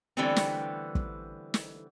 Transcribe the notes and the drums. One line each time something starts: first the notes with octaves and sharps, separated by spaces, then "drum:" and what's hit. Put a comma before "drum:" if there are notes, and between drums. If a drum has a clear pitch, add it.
D3 E3 G3 A3 B3 C4
drum: snare
drum: kick
drum: snare